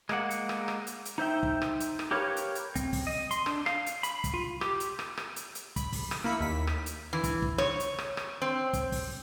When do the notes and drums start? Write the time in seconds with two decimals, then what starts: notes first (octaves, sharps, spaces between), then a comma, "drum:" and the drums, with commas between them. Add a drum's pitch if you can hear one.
0.09 G#3 A#3 F#5, drum: rim click
0.30 drum: hi-hat
0.49 drum: rim click
0.68 drum: rim click
0.87 drum: hi-hat
1.05 drum: hi-hat
1.18 D#4 C5 E5 G5
1.43 drum: kick
1.62 drum: rim click
1.80 drum: hi-hat
1.99 drum: rim click
2.11 G4 A#4 B4 C#5 F5
2.36 drum: hi-hat
2.55 drum: hi-hat
2.75 C4, drum: kick, hi-hat
2.93 drum: kick, open hi-hat
3.07 D#5
3.31 C6, drum: hi-hat
3.46 D4, drum: rim click
3.66 F5, drum: rim click
3.86 drum: hi-hat
4.03 B5, drum: hi-hat
4.24 drum: kick, hi-hat
4.34 F4
4.61 G4, drum: rim click
4.80 drum: hi-hat
4.99 drum: rim click
5.17 drum: rim click
5.36 drum: hi-hat
5.55 drum: hi-hat
5.76 B5, drum: kick, hi-hat
5.92 drum: kick, open hi-hat
6.11 drum: rim click
6.24 A#3 E4 B5 C#7
6.40 D#2 B6
6.67 drum: rim click
6.86 drum: hi-hat
7.13 E3
7.24 drum: kick, hi-hat
7.42 drum: kick
7.58 C#5, drum: rim click
7.80 drum: hi-hat
7.98 drum: rim click
8.17 drum: rim click
8.42 C4
8.73 drum: kick, hi-hat
8.92 drum: kick, open hi-hat